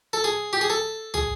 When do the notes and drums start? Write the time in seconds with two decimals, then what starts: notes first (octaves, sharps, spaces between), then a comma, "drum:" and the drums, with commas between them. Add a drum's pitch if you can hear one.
0.13 A4
0.24 G#4
0.53 G4
0.61 G#4
0.70 A4
1.14 G#4, drum: tom